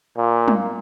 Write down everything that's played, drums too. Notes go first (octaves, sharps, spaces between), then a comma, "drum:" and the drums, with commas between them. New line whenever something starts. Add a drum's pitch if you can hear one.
A#2
drum: tom